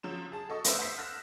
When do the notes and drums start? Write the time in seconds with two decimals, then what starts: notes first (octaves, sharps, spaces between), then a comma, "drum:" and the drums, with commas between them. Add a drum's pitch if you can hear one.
0.03 C#3 F3 F#3 E7
0.32 G#4 A5
0.49 F#4 A4 D#5 C#6 D#6
0.64 A3 B4 C5 E5, drum: hi-hat
0.79 F#5 E6 G6 B6 C7
0.98 F6 F#6 A#6 B6 E7